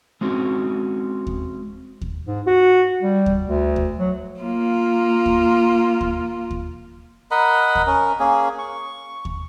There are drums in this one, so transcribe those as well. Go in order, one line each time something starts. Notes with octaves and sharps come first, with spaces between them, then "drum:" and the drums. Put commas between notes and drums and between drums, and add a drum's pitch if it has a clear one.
G#3 C4 C#4 F#4
drum: kick D#2
drum: kick D#2
G#2
F#4
G3
drum: kick D#2
D2
drum: kick D#2
F#3
A#3 F4
drum: kick D#2
drum: kick D#2
drum: kick D#2
A#4 D#5 F#5 B5
drum: kick D#2
C#4 A#4
A#3 C#4 G#4
C#6
drum: kick D#2